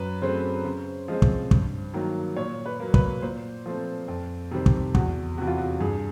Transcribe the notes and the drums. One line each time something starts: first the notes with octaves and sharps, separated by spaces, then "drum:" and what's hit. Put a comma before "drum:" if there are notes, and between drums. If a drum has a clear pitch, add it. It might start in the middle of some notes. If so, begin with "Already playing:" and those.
Already playing: F#2 B4
C#3 F#3 A3 C4 C5
C#3
F3 G#3 C4
drum: kick
G2, drum: kick
D#3 F#3 A#3
A#2 C#5
B4
F#3 A#3
B4, drum: kick
A#2 C5
F3 A3 C4
F2
C3 D#3 G3 C4
drum: kick
E2 F#4, drum: kick
C3 E3 F#4
F4
F#4
G2 G#4